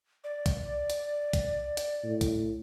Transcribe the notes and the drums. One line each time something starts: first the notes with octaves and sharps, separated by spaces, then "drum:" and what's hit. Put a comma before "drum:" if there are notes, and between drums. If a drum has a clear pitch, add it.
D5
drum: kick C2, hi-hat
drum: hi-hat
drum: kick C2, hi-hat
drum: hi-hat
A2
drum: kick C2, hi-hat